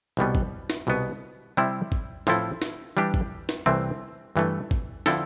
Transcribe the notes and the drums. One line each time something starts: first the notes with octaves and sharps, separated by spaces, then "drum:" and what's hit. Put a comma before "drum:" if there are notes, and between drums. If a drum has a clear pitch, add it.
C2 B2 G3 B3
drum: kick G#1
drum: snare
C2 B2 B3
C3 G3 C4 E4
drum: kick G#1
A2 F3 C4 E4 A4, drum: snare
drum: snare
E3 G3 D4 G4
drum: kick G#1
drum: snare
C2 C3 E3 A3 C4
G2 E3 A3
drum: kick G#1
D3 F3 C4 E4 A4, drum: snare